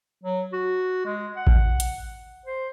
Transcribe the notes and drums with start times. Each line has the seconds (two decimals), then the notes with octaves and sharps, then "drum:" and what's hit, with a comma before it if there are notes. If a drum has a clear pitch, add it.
0.23 F#3
0.53 F#4
1.05 G#3
1.36 F#5
1.47 drum: kick A1
1.80 drum: hi-hat
2.46 C5